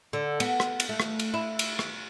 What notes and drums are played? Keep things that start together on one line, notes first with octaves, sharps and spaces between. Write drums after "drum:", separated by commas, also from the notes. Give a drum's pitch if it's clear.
D3
B3, drum: cymbal
drum: rim click
drum: cymbal
A3
drum: rim click
drum: cymbal
E4
drum: cymbal
drum: rim click